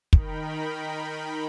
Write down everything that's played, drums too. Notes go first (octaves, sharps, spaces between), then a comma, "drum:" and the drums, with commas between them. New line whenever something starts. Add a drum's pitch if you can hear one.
D#3 D#4 A#4 G5 B5, drum: kick